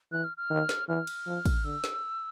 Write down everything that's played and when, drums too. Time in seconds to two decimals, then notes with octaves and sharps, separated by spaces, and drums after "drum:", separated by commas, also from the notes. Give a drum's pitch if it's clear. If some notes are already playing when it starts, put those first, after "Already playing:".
0.12 E3 F#6
0.24 F6
0.37 F6
0.50 D#3
0.69 drum: snare
0.88 E3 F6
1.07 drum: cymbal
1.26 F3
1.45 drum: kick, cymbal
1.64 D3 E6
1.84 drum: snare